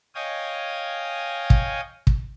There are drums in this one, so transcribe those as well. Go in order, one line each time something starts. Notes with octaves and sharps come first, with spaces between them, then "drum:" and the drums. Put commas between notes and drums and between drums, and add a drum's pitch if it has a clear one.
C#5 D#5 F5 G5 G#5 D#6
drum: kick
drum: kick